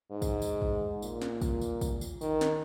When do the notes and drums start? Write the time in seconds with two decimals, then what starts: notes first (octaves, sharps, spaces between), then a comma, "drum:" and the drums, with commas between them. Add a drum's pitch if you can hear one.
0.11 G#2
0.22 drum: kick, tambourine
0.42 drum: tambourine
0.62 drum: kick
1.02 A#2, drum: tambourine
1.22 drum: snare
1.41 drum: kick, tambourine
1.61 drum: tambourine
1.81 drum: kick, tambourine
2.01 drum: tambourine
2.21 D#3, drum: tambourine
2.41 drum: snare